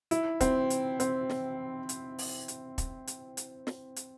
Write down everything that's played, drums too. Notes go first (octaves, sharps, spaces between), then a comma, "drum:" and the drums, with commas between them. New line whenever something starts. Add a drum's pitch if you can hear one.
E4, drum: hi-hat
C4, drum: kick, hi-hat
drum: hi-hat
C4, drum: hi-hat
drum: snare
drum: hi-hat
drum: open hi-hat
drum: hi-hat
drum: kick, hi-hat
drum: hi-hat
drum: hi-hat
drum: snare
drum: hi-hat